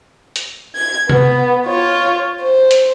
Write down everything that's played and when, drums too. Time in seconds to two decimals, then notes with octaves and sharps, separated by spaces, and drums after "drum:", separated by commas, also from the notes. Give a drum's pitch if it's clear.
0.36 drum: hi-hat
0.75 G#6
1.09 B3, drum: tom C3
1.66 F4 C#5
2.42 C5
2.71 drum: hi-hat